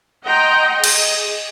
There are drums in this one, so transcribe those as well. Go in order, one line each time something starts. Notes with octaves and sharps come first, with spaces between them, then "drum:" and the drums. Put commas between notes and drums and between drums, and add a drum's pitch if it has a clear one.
D#5 F#5 G5 A#5 C6
G#4 D#5, drum: cymbal